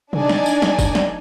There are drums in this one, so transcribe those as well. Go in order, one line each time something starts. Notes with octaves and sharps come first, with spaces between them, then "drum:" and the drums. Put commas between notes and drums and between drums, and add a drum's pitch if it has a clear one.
D4 D#4 D5 G#5, drum: tom
drum: snare
drum: tambourine
drum: snare
drum: kick F1, tambourine
drum: snare